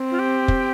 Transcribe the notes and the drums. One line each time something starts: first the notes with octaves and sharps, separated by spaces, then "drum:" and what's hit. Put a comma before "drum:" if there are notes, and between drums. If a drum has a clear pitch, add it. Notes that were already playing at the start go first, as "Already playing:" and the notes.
Already playing: C4
F4
G4
drum: kick